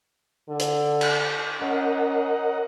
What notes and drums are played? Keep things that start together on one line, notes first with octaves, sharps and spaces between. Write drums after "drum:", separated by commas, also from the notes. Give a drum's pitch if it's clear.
D3
drum: hi-hat
drum: cymbal
C#4 A#4 D#5 F#5